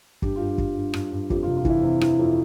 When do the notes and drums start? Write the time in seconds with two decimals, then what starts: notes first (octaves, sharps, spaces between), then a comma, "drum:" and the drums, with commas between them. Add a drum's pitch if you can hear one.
0.22 G2 G4, drum: kick
0.36 F4
0.41 G2
0.49 G4
0.58 G2, drum: kick
0.76 G2
0.94 G2, drum: rim click
1.12 G2
1.30 F2 G4, drum: kick
1.43 F4
1.47 C3
1.57 F4
1.65 E3 E4, drum: kick
1.83 C3
2.01 E3, drum: rim click
2.19 F2